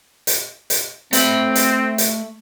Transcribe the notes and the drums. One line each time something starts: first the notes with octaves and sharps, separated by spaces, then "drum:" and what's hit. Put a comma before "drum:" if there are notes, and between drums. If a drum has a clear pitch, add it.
drum: hi-hat
drum: hi-hat
A3 C4 B5, drum: hi-hat
drum: hi-hat
drum: hi-hat